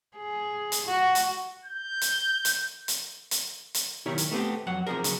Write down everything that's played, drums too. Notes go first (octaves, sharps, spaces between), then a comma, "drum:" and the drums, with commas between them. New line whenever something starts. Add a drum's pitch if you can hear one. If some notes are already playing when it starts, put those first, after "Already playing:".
G#4
drum: hi-hat
F#4
drum: hi-hat
G6
drum: hi-hat
drum: hi-hat
drum: hi-hat
drum: hi-hat
drum: hi-hat
B1 D#3 E4 G4 A#4 C#5
drum: hi-hat
A3 B3 C4 G4
F2 F#3 F#5
C3 D#3 F3 G#4 A#4
C#3 E3 F#3, drum: hi-hat